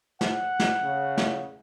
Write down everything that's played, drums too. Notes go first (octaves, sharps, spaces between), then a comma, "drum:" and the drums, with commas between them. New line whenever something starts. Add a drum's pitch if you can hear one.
F#5, drum: snare
drum: snare
C#3
drum: snare